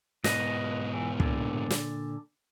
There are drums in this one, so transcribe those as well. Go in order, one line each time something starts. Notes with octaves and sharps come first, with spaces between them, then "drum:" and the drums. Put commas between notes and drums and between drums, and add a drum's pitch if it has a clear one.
G#2 B2 B4 D#5, drum: snare
E3
A#2 D3, drum: kick
drum: snare